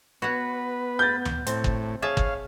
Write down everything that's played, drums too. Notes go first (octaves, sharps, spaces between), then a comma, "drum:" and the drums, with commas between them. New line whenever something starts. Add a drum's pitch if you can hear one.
B3 F#4 B4 C#5 F#5
G6 A6
drum: tom D2
A2 C4, drum: hi-hat
drum: kick
G#4 C#5 E5 F5 A5
drum: kick